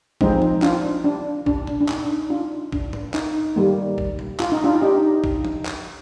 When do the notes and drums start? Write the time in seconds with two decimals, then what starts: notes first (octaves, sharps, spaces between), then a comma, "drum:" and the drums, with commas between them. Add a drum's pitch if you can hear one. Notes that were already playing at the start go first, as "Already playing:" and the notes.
0.21 F3 G#3 C4 D#4, drum: kick
0.42 drum: tom A2
0.62 D4 F4, drum: clap
1.04 D4
1.46 D4, drum: kick
1.67 drum: tom A#2
1.80 D4
1.89 D#4, drum: clap
2.30 D4 F4
2.72 D4, drum: kick
2.93 drum: tom G#2
3.14 D#4, drum: clap
3.56 D#3 G3 A#3
3.98 drum: kick
4.19 drum: tom A#2
4.40 F4, drum: clap
4.52 D#4
4.64 D4 F4
4.82 D#4 G4
5.24 drum: kick
5.45 drum: tom F3
5.66 drum: clap